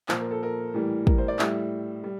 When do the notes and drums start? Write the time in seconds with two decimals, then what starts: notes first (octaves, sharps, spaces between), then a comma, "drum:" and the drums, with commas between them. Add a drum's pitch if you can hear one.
0.09 A#2 F3 C5, drum: clap
0.20 A#4
0.31 A4
0.43 A#4
0.74 A2 E3 G3
1.07 A#4, drum: kick
1.18 C5
1.28 D5
1.39 A2 G3 E5, drum: clap
2.04 G3